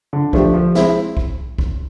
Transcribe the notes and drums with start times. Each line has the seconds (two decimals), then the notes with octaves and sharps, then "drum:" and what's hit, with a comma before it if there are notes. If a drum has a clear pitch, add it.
0.13 D3
0.33 F3 A3 D4 G4, drum: kick B1
0.54 F3
0.75 G#3 C4 E4, drum: snare
1.17 drum: kick B1
1.58 drum: kick B1